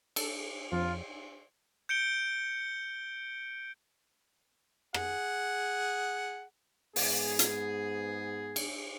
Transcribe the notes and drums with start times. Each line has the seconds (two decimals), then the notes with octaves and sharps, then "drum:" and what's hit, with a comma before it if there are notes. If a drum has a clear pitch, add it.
0.16 A4 E7, drum: cymbal
0.72 F2 F3 F4
1.89 G6 C#7 D7 G7
4.94 G#4 F#5, drum: rim click
6.96 G#2 B3 G#4, drum: open hi-hat
7.39 drum: hi-hat
8.56 drum: cymbal